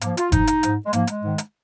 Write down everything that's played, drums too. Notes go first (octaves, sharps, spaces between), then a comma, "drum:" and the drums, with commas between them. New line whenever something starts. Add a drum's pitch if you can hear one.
G#2 F3 A#3, drum: hi-hat
F4, drum: hi-hat
G#2 F3 D#4, drum: kick F#1, hi-hat
drum: hi-hat
G#2 F3, drum: hi-hat
G#3
G#2 F3 A#3, drum: hi-hat
G#3, drum: hi-hat
G#2 D#3
drum: hi-hat